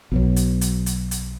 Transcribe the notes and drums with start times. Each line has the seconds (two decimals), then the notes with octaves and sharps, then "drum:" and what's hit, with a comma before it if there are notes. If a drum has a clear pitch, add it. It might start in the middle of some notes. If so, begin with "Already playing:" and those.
0.11 B1 B2 F#3
0.36 drum: hi-hat
0.61 drum: hi-hat
0.86 drum: hi-hat
1.11 drum: hi-hat